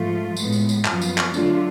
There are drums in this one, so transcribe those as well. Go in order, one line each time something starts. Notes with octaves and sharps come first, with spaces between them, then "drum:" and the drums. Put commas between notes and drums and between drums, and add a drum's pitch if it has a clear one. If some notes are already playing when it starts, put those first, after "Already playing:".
Already playing: G#2 F3 A3 F4
A2 G#3 B3, drum: tambourine
drum: tambourine
drum: tambourine
F#2 F3 B3 F4, drum: clap
drum: tambourine
drum: clap
D3 F#3 A3 D4 F4, drum: tambourine